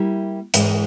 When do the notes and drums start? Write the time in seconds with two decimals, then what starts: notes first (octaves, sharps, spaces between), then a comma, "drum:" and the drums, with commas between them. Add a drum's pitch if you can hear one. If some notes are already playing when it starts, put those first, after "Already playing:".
Already playing: G3 A#3 E4
0.54 G#2 E3 G#3, drum: hi-hat